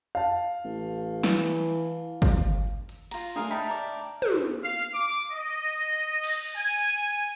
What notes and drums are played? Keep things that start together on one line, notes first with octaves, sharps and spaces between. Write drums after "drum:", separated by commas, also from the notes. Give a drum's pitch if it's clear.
F5 A5
A1
E3, drum: snare
drum: kick
drum: hi-hat
F4 A#5, drum: cymbal
A3 D4 G#4 A#4 F5
D#4 E5 G5 A5 B5
A#4 D5
drum: tom
F5
D6
D#5
drum: cymbal
G#5